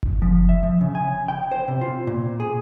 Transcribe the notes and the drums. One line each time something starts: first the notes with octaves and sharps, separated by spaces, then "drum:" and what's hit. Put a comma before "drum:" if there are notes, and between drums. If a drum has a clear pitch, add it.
drum: kick F#1
F3
E5
F3
C#3
G#5
G5
C5
C3
F4
A#2
G#4